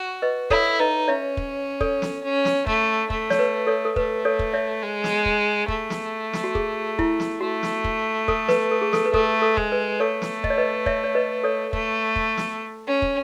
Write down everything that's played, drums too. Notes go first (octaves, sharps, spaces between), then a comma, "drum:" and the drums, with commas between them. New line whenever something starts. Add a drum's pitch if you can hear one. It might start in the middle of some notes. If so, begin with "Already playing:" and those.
Already playing: F#4
B4 D#5
E4 A4 C#5, drum: kick
D#4 B4 D#5
C#4 C#5 E5
drum: kick
A4 C#5, drum: kick
drum: snare
C#4
drum: snare
A3, drum: kick
A3, drum: kick
C#5, drum: snare
B4
A4 C#5
A4
A3 B4, drum: kick
A4 C#5
drum: kick
C#5 E5
G#3
drum: snare
drum: kick
A3, drum: kick
drum: snare
drum: snare
F#4
G#4, drum: kick
E4, drum: kick
drum: snare
A3 F#4
drum: snare
drum: kick
A4, drum: kick
B4, drum: snare
A4
G#4
A4, drum: snare
B4
A3 A4, drum: kick
A4
G#3, drum: kick
B4
A3 A4 C#5
drum: snare
D#5, drum: kick
C#5
B4 D#5
C#5 E5, drum: kick
C#5
B4 D#5
A4 C#5
A3, drum: kick
drum: kick
drum: snare
C#4
drum: kick